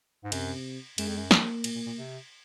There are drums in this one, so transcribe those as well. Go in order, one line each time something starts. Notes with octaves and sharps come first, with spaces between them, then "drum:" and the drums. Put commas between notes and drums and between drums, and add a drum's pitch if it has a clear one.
G#2
F#2 C3, drum: cymbal
F#2 G#3, drum: cymbal
F2
F#2
A#3, drum: snare
A#2, drum: cymbal
A#2
A#2
C3